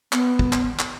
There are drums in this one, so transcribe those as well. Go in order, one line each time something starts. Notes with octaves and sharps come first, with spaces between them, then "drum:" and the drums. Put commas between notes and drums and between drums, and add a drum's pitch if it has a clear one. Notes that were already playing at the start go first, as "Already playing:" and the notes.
B3, drum: clap
drum: kick
drum: clap
drum: clap